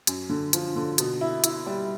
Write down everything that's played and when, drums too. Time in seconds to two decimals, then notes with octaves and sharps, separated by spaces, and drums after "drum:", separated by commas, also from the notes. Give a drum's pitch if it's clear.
0.07 F#2, drum: hi-hat
0.29 D3
0.53 F3, drum: hi-hat
0.76 D3
0.98 B2, drum: hi-hat
1.21 E4
1.44 E4, drum: hi-hat
1.67 G3